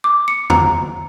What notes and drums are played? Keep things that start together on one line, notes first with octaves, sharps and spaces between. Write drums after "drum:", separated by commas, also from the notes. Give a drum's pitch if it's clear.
D6
C#7
A#5, drum: tom E2